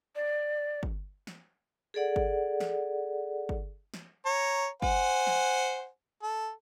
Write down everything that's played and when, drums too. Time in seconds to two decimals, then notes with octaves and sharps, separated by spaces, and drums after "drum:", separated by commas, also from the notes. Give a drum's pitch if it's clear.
0.16 D5
0.83 drum: kick
1.27 drum: snare
1.94 G#4 A4 D5 F#5
2.16 drum: kick
2.60 drum: snare
3.49 drum: kick
3.94 drum: snare
4.26 C#5 A#5
4.82 C5 F#5 G#5, drum: kick
5.27 drum: snare
6.22 A4